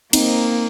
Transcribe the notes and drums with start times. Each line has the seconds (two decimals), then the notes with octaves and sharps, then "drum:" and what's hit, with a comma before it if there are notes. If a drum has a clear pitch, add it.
0.13 A#3 C4 D#4, drum: cymbal